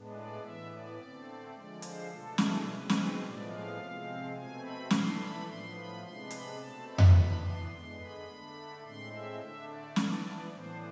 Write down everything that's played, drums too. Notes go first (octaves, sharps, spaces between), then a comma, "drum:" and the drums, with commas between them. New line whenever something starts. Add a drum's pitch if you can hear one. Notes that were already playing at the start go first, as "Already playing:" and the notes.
Already playing: A2 G#3 B3 D4
D5
A2 E3 B3 E5
D5
D3 A3 C4
D3 F3 G#3 D5
C5, drum: hi-hat
B2 A3 D4 A4
G#4, drum: snare
B2 G#3 C4 B4
drum: snare
A2 F3 G#3 B3 D5
F5
C3 F3 G#3 C4
B2 A3 C4 G#5
B5
E3 A3 D4 C6, drum: snare
B5
A2 F3 B3 C6
B5
C3 G#3 B3 D4 C6
B5, drum: hi-hat
B2 A3 C4 A5
B5
drum: tom F2
E3 B3 D4 B5
C6
D3 G#3 B3 C6
B5
D3 A3 D4
A2 G#3 C4 C6
E5
D3 A3 D4 E5
D5
E3 B3 D4, drum: snare
A2 E3 B3 D4 C5